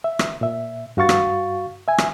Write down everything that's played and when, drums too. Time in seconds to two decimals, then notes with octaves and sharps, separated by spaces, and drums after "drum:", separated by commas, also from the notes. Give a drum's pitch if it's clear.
0.04 E5
0.19 drum: rim click
0.41 A#2 E5
0.97 G2 F#4 F5 C#6 A6
1.09 drum: rim click
1.88 E5 G#5
1.98 drum: rim click